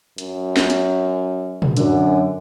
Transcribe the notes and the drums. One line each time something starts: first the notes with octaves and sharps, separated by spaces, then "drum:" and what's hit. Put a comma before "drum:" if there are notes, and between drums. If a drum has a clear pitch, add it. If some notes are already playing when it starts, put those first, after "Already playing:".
F#2, drum: hi-hat
drum: snare
drum: hi-hat
drum: tom
F#2 D3, drum: hi-hat